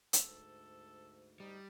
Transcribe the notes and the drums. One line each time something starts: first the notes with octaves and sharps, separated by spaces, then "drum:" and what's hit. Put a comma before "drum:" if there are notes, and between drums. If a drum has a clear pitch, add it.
D2 G#2 A4, drum: hi-hat
G3 D#4